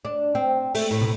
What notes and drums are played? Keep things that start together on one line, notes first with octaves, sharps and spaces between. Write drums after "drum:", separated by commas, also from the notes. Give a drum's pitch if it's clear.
D4
C4
A3, drum: open hi-hat
A2
drum: tom